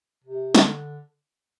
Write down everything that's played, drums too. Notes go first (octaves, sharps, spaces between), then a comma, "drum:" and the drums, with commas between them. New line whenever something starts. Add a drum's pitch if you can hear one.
C3
D3, drum: snare